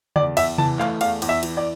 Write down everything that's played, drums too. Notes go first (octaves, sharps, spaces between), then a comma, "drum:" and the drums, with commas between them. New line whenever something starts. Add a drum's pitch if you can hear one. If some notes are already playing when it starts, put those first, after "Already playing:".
E2 D5, drum: tom C#3
E2 E5, drum: cymbal
E3 A5, drum: tom C3
A3 F5, drum: clap
E2 F5, drum: cymbal
E2, drum: cymbal
E5
E3, drum: cymbal
D5